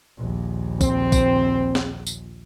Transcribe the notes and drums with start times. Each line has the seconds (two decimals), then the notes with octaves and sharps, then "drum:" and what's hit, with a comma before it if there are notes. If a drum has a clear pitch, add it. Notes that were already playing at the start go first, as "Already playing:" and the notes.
0.18 A#1 D#2
0.81 C4, drum: kick, tambourine
1.12 drum: kick, tambourine
1.75 drum: snare
2.07 drum: tambourine